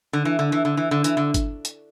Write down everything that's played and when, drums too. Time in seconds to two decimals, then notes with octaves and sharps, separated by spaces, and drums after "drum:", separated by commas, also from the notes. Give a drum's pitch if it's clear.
0.13 D3
0.25 E3
0.39 D3
0.52 E3
0.65 D3
0.77 E3
0.91 D3
1.04 E3, drum: hi-hat
1.17 D3
1.34 drum: kick, hi-hat
1.65 drum: hi-hat